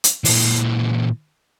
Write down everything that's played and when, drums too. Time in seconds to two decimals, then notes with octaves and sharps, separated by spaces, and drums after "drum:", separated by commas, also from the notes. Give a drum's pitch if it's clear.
0.04 drum: hi-hat
0.25 A#2 E3, drum: open hi-hat